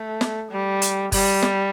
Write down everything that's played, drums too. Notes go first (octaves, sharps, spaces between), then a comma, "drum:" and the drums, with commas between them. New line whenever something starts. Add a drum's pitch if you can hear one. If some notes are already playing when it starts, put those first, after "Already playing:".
Already playing: A3
drum: snare
G3
drum: hi-hat
G3, drum: kick, open hi-hat
drum: snare